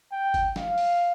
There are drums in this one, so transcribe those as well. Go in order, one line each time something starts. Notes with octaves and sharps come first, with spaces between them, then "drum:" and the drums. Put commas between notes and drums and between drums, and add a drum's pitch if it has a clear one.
G5
drum: kick F#1, hi-hat
F5, drum: snare
drum: open hi-hat